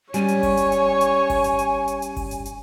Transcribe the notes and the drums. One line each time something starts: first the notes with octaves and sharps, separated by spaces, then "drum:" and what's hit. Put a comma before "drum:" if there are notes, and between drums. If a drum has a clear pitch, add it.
G3 C#4 C#5 G#5, drum: hi-hat
drum: hi-hat
drum: kick G1, open hi-hat
drum: hi-hat
drum: hi-hat
drum: hi-hat
drum: kick G1, open hi-hat
drum: hi-hat
drum: hi-hat
drum: hi-hat
drum: hi-hat
drum: kick G1, open hi-hat
drum: hi-hat
drum: hi-hat